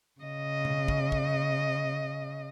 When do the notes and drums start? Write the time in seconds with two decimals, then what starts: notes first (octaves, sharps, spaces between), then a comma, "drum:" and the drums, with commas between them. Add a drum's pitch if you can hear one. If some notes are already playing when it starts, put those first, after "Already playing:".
0.21 C#3 D#5
0.65 drum: tom B2
0.88 drum: kick
1.12 drum: kick